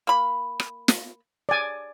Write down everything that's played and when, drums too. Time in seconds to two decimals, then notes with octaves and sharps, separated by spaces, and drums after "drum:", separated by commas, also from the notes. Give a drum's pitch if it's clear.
0.07 A#3 B5
0.60 drum: rim click
0.88 drum: snare
1.49 D5 G#5